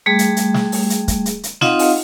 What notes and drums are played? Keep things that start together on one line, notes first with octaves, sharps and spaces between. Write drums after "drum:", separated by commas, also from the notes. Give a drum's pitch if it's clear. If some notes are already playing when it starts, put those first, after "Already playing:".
G3 A3 G#4
drum: hi-hat
drum: hi-hat
drum: snare
drum: open hi-hat
drum: hi-hat
drum: kick, hi-hat
drum: hi-hat
drum: hi-hat
C4 D#4 F4 D#5 F5 F#5, drum: snare
drum: open hi-hat